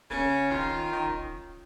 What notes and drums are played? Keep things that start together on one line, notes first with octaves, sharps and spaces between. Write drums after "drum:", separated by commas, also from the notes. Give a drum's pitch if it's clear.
C#3 C#4, drum: kick
D#3 F4, drum: kick
drum: kick
D#3
drum: kick
drum: kick